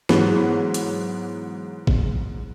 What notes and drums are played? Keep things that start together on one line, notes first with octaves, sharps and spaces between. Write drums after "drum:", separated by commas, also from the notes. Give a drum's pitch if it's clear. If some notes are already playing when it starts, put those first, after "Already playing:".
G#2 E3 F#3 B3, drum: snare
drum: hi-hat
drum: kick